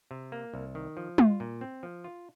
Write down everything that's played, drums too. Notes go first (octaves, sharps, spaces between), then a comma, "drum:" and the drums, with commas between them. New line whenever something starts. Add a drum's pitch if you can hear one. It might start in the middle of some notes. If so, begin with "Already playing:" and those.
C3
A#3
C2
D#3
F3
F4, drum: tom
A#2
C4
F3
F4